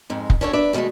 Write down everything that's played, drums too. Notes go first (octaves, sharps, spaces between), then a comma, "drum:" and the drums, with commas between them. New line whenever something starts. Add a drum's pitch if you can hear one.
F2 G#2 G#3
drum: kick F1
C#4 D4 F#4 A4 C5 C#5
D4 B4 D5 E5
B2 D3 D#3 G#3 A3